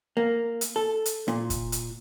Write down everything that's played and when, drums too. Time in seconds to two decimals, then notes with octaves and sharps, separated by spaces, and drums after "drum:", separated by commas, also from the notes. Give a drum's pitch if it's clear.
0.17 A#3
0.61 drum: hi-hat
0.76 A4
1.06 drum: hi-hat
1.28 A#2, drum: rim click
1.50 drum: kick, hi-hat
1.72 drum: hi-hat